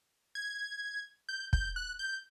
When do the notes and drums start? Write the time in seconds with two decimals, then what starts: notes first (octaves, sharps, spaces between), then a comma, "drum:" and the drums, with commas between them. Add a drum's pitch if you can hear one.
0.35 G#6
1.29 G6
1.53 G6, drum: kick
1.76 F#6
1.99 G6